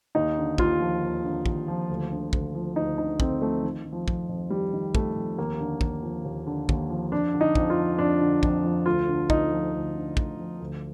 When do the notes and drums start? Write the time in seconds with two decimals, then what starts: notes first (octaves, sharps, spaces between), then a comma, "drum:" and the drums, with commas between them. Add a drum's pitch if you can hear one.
0.15 D#2 D#4
0.38 D3
0.58 D#2 F4, drum: kick
0.80 F3
1.02 D#2
1.24 D3
1.46 D#2, drum: kick
1.68 F3
1.89 D2
2.12 D3
2.33 D2, drum: kick
2.55 F3
2.76 D2 D#4
2.98 D3 D#4
3.20 D2 C4, drum: kick
3.42 F3 A3
3.63 D#3
3.85 D#3
3.93 F3
4.08 F2, drum: kick
4.29 F2
4.50 D#3 G3
4.73 D#3
4.95 F2 A3, drum: kick
5.16 F2
5.38 D#2 A#3
5.60 D3
5.81 D#2, drum: kick
6.03 F3
6.25 D#2
6.47 D3
6.69 D#2, drum: kick
6.90 F3
7.12 F2 D4
7.34 D3
7.41 D#4
7.55 F2, drum: kick
7.70 F4
7.78 F3
7.98 F2 D4
8.21 D3
8.43 F2, drum: kick
8.64 F3
8.86 D2 F4
9.08 D3
9.30 D2 D#4, drum: kick
9.51 F3
9.74 D2
9.95 D3
10.17 D2, drum: kick
10.38 F3
10.60 D2